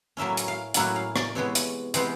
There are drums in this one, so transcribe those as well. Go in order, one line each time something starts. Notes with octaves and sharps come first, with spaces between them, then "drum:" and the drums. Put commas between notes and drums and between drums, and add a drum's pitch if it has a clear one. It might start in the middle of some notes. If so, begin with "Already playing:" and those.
A2 F#3 A#3 C#4 E4 E5
drum: hi-hat
F5
A2 F#3 A#3 C#4 E4 F#5, drum: hi-hat
F5
D5, drum: rim click
C3 E3 G#3 B3 C#5
drum: hi-hat
C3 E3 G#3 B3 C5, drum: hi-hat